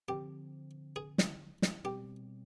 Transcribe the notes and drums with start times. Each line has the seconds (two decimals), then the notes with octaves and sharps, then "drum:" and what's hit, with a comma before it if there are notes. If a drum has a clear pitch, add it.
0.08 D3 F3 C4 G4
0.96 G#4
1.18 drum: snare
1.62 drum: snare
1.84 B2 G3 C4 G4